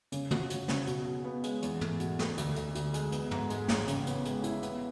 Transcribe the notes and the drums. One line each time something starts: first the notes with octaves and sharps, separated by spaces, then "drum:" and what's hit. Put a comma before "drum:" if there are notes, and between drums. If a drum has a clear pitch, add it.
C#3, drum: hi-hat
F#4, drum: tom
C#3, drum: hi-hat
C#3, drum: snare
B2, drum: hi-hat
B2
B3
G#3, drum: hi-hat
E2, drum: hi-hat
A3, drum: tom
B2, drum: hi-hat
A3, drum: snare
D2, drum: hi-hat
D2, drum: hi-hat
D2, drum: hi-hat
G#3, drum: hi-hat
B3, drum: hi-hat
G#2, drum: tom
G#3, drum: hi-hat
A1, drum: snare
C#3, drum: hi-hat
B3, drum: hi-hat
G#3, drum: hi-hat
E4, drum: hi-hat
B3, drum: hi-hat